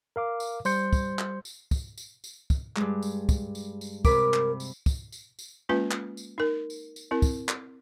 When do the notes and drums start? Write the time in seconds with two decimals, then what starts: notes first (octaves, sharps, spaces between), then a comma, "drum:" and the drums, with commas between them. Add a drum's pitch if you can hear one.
0.16 A#4 F5 D6
0.40 drum: tambourine
0.65 G3 C5 C6 G6 C#7, drum: tambourine
0.93 drum: kick, tambourine
1.19 drum: clap
1.45 drum: tambourine
1.71 drum: kick, tambourine
1.98 drum: tambourine
2.24 drum: tambourine
2.50 drum: kick, tambourine
2.76 G2 G#3, drum: clap
3.02 drum: tambourine
3.29 drum: kick, tambourine
3.55 drum: tambourine
3.81 drum: tambourine
4.05 C3 A#4 B5 D6, drum: kick, tambourine
4.34 drum: clap
4.60 drum: tambourine
4.86 drum: kick, tambourine
5.12 drum: tambourine
5.39 drum: tambourine
5.69 G#3 A#3 C#4 F4 B4 G#5
5.91 drum: clap
6.17 drum: tambourine
6.38 D#4 A#4
6.70 drum: tambourine
6.96 drum: tambourine
7.11 C4 E4 A#4
7.22 drum: kick, tambourine
7.49 drum: clap